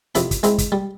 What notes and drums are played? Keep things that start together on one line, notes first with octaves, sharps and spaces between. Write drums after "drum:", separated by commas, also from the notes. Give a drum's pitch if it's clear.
F2 C3 E4 B5, drum: hi-hat
drum: kick, hi-hat
G#3 C4 E4, drum: hi-hat
drum: kick, hi-hat
G3